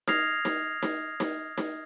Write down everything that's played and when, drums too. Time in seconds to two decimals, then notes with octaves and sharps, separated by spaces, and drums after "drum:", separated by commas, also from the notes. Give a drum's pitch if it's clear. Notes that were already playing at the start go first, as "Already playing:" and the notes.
0.08 D#6 F6 G#6 A#6 C7 F7, drum: snare D#4
0.45 drum: snare D#4
0.83 drum: snare D#4
1.20 drum: snare D#4
1.58 drum: snare D#4